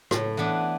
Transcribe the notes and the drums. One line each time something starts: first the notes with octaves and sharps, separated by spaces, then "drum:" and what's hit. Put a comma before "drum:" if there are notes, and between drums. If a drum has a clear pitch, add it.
A2, drum: rim click
E3 B3 D4